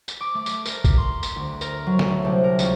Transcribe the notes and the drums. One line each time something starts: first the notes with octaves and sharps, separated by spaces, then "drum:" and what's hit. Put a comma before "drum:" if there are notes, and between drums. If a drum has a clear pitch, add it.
drum: tambourine
D6
A3
drum: tambourine
A#4, drum: tambourine
drum: kick A#1, tambourine
C6
drum: tambourine
D2
A#4, drum: tambourine
F#3
drum: snare
A3
C2
A#4
C#2, drum: tambourine